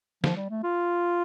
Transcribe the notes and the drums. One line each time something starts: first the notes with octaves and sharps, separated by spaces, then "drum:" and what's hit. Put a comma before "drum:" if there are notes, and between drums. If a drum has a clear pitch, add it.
F3, drum: snare
G3
A3
F4